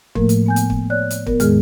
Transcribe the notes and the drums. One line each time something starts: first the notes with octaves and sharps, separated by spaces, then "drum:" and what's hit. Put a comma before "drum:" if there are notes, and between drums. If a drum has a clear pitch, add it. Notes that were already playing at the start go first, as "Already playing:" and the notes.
A2 F3 A3 A#3 A#4, drum: kick
drum: hi-hat
B3 G#5 G6
drum: hi-hat
drum: kick
C#5 D5 F#6
drum: hi-hat
B3 A#4, drum: kick
E2 A2 D#3 G#3 G#4 F6, drum: hi-hat